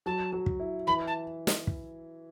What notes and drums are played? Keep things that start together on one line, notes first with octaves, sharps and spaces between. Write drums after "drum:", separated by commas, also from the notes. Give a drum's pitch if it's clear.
F#3 A5
F#3
drum: kick
E4
E3 B5
A5
drum: snare
drum: kick